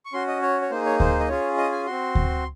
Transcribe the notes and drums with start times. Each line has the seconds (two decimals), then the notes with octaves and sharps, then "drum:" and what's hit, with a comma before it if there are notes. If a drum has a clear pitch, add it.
0.05 C#6
0.13 C#4 F#4 C6
0.28 D#5
0.42 C#5
0.62 C#5
0.70 A#3 D#4 G#4 C5
0.86 C#5
1.00 C5, drum: kick D2
1.20 D#5
1.28 C#4 F4 G#4 C#5
1.58 D#5
1.72 G#5
1.86 C4 F#4 C6
2.15 drum: kick D2